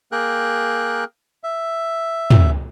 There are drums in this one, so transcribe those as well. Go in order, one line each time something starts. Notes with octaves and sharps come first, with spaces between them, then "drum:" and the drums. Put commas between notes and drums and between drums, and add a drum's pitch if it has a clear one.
A#3 G#4 A#4 G5 F#6
E5
drum: tom